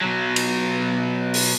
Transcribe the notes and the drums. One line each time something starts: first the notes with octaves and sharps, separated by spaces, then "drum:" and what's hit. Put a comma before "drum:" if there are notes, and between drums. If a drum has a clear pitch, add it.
B2 F#3
drum: cymbal
drum: open hi-hat